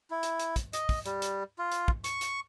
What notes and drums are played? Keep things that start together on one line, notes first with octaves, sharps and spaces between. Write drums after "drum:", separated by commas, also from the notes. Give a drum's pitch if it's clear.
E4
drum: hi-hat
drum: hi-hat
drum: kick, hi-hat
D#5, drum: hi-hat
drum: kick, open hi-hat
G3, drum: hi-hat
drum: hi-hat
F4
drum: hi-hat
drum: kick
C#6, drum: hi-hat
drum: hi-hat